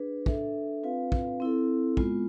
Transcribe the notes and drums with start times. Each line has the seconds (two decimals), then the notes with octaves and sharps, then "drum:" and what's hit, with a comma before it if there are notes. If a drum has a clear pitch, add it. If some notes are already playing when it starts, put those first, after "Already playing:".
Already playing: D4 G#4 B4
0.26 D4 A4 E5, drum: kick
0.83 C4 F4 B4 F5
1.12 drum: kick
1.40 C4 E4 A4
1.97 G#3 B3 F4, drum: kick